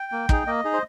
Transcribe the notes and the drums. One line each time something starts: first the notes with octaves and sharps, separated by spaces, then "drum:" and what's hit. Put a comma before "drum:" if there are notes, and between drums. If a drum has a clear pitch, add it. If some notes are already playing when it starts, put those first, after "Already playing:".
Already playing: G5
A#3
D#4 G#4, drum: kick
A#3 D#5
D#4 G#4
C5